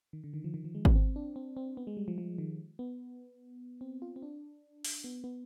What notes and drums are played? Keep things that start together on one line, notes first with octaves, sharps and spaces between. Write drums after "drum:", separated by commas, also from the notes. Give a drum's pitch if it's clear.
D#3
D3
D#3
F3
D#3
F3
G#3
B3, drum: kick G#1
C4
D4
C4
C4
B3
G#3
G3
F3
F3
D#3
B3
C4
F4
C4
D4
drum: open hi-hat
B3
B3